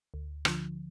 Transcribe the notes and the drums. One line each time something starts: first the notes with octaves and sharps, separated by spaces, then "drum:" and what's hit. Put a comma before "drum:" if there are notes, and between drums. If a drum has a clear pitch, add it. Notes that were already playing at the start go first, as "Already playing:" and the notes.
D2
D3 F3, drum: rim click